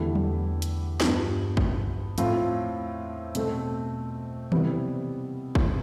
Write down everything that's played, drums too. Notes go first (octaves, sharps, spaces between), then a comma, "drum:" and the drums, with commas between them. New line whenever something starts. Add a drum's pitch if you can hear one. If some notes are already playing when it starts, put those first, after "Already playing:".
Already playing: E2 D3 A3 E4 G4
drum: tom F#3
drum: hi-hat
G2 F3 B3, drum: snare
drum: kick
A2 F3 C4 F4, drum: hi-hat
B2 A3 C4, drum: hi-hat
C3 G3 B3 E4, drum: tom D#3
drum: kick